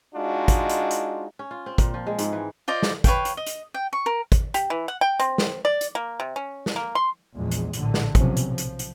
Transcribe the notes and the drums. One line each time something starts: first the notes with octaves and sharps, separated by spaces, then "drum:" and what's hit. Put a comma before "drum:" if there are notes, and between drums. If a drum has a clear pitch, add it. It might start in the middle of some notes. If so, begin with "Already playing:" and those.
G#3 D4 D#4 F4 F#4
drum: kick, hi-hat
drum: hi-hat
drum: hi-hat
C#4
F4
C4
A#2, drum: kick, hi-hat
F3
G#3
G#2, drum: hi-hat
E3
F4 C5 D5 D#5
drum: snare
B4 C#5 F5 G5, drum: kick, hi-hat
drum: hi-hat
D#5
drum: hi-hat
G5
C#6
A#4
drum: kick, hi-hat
G4, drum: hi-hat
E3
F#5
G5
C4, drum: hi-hat
drum: snare
D5
drum: hi-hat
A#3
C3
C#4
drum: snare
A#3
C6
A#1 E2 G#3
drum: hi-hat
A#1 A2 D3, drum: hi-hat
drum: snare
B1 C3 F3 F#3 C#4, drum: kick, hi-hat
drum: hi-hat
F3
drum: hi-hat
drum: hi-hat